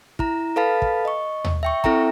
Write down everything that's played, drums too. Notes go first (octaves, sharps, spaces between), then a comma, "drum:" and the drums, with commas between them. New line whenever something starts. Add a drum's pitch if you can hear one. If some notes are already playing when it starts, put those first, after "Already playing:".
E4 A#5, drum: kick
A4 B4 F5 A5 B5 A6
drum: kick
D#5 C#6
drum: tom D#2
E5 G5 C#6
C4 E4 A4 E5 G5 A#5, drum: kick